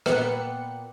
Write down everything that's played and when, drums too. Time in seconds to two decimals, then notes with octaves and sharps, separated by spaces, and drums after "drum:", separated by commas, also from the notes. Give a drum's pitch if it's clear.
0.06 A#2 B3 G5 F#6 C#7, drum: rim click